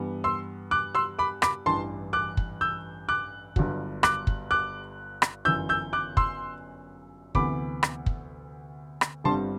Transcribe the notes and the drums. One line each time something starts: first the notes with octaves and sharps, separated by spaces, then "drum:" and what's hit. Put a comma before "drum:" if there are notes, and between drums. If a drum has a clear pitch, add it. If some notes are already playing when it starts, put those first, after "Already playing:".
Already playing: G2 E3 G3 B3
C6 E6
D6 F#6
C6 E6
B5 D6
B5 D6, drum: rim click
A1 G2 E3 A5 C6
D6 F#6
drum: kick
E6 G6
D6 F#6
G1 G2 F#3, drum: kick
D6 F#6, drum: rim click
drum: kick
D6 F#6
drum: rim click
G1 F#2 E3 E6 G6
E6 G6
D6 F#6
C6 E6, drum: kick
D2 C3 E3 B3 B5 D6, drum: kick
drum: rim click
drum: kick
drum: rim click
G1 G2 D3 G3 C4 A5 C6